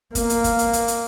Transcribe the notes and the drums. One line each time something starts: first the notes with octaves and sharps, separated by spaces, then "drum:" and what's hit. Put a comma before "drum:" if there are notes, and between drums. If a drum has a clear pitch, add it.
A#3, drum: kick, hi-hat
drum: hi-hat
drum: kick, hi-hat
drum: hi-hat
drum: hi-hat
drum: hi-hat